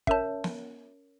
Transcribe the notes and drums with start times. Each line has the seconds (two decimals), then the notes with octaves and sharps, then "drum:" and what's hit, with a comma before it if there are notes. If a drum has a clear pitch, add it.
0.07 C#4 A#4 C#5 E5 A5, drum: kick
0.44 drum: snare